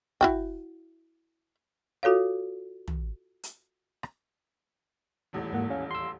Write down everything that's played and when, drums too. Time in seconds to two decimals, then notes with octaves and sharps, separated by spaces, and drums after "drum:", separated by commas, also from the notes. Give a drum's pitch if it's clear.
0.21 E4 F#4 G5, drum: kick
2.03 F4 F#4 A4 C#5 F5
2.88 drum: tom
3.43 drum: hi-hat
4.03 drum: rim click
5.33 D#1 A1 E2
5.53 G#2 A#3 F#5
5.70 C#4 F5
5.91 C6 E6